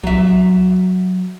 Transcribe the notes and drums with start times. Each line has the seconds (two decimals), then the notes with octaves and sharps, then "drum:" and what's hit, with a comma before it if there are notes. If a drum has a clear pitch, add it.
0.03 F#3 E5, drum: kick C2